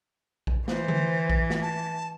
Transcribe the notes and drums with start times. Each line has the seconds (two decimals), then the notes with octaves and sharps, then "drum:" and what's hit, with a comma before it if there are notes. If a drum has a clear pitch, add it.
0.47 drum: kick A#1
0.68 E3 C5, drum: snare
0.88 drum: tom D3
1.30 drum: kick A#1
1.50 drum: snare
1.62 A5